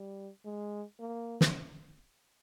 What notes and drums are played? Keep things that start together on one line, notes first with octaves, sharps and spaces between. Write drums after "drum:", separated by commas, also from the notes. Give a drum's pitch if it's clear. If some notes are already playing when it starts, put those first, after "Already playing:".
Already playing: G3
G#3
A#3
drum: snare